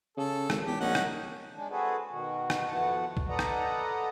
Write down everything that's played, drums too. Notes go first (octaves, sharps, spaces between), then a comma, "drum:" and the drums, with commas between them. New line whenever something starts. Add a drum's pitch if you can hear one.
C#3 A4
G#1, drum: rim click
E2 G4
A#1 C#4 D#4 F#5
C2, drum: rim click
G#3 D4
C4 F#4 G#4 A4 B4
B2 D#3 F#4
drum: rim click
F2 E3 B3 F#4 F#5 A5
drum: kick
A4 B4 D5 D#5 F#5 A#5
drum: rim click